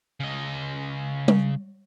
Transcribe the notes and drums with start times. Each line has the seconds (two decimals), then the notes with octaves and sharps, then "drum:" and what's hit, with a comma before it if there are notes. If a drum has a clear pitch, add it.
0.20 C#3 D#5
1.28 drum: tom G3